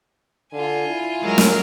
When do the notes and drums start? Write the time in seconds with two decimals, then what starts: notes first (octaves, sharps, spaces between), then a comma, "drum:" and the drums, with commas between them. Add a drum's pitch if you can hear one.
0.53 D3 F4 G#5
0.88 E4
1.21 F#3 G#3 A#4
1.38 drum: snare